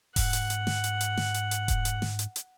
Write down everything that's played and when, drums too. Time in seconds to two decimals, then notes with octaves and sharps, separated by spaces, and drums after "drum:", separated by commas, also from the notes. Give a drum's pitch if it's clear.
0.16 G#2 F#5, drum: kick E1, open hi-hat
0.33 drum: hi-hat
0.50 drum: hi-hat
0.67 drum: snare
0.84 drum: hi-hat
1.01 drum: hi-hat
1.17 drum: snare
1.34 drum: hi-hat
1.51 drum: hi-hat
1.68 drum: kick E1, hi-hat
1.85 drum: hi-hat
2.02 drum: snare
2.19 drum: hi-hat
2.36 drum: hi-hat